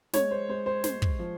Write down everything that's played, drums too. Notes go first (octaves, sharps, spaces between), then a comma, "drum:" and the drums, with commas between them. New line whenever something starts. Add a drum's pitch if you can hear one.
G#3 C#5, drum: snare
C5
G#3 C5
C5
G#3 C5, drum: snare
drum: kick
F3